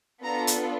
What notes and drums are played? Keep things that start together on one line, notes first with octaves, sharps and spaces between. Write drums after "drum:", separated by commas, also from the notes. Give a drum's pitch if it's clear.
B3 D4 F4 A4 A#5
drum: hi-hat